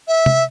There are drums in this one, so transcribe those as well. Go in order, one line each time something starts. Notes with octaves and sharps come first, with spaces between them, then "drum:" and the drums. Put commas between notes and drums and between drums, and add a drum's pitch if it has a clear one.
E5
drum: tom C3